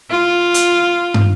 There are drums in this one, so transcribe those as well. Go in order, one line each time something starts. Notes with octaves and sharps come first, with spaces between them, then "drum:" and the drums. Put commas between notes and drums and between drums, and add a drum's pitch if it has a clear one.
F4
drum: hi-hat
drum: tom